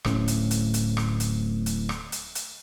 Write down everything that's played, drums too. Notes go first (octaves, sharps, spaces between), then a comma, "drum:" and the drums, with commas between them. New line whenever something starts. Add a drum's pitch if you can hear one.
D1 A2 C#4, drum: rim click
drum: hi-hat
drum: hi-hat
drum: hi-hat
drum: rim click
drum: hi-hat
drum: hi-hat
drum: rim click
drum: hi-hat
drum: hi-hat